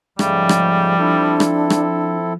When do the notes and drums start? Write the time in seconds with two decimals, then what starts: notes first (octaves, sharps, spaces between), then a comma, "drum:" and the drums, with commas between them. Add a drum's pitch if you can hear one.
0.19 G#2 C#3 F3 G3 A3, drum: rim click
0.49 drum: rim click
0.99 C4 D4 E4 A4
1.40 drum: rim click
1.70 drum: rim click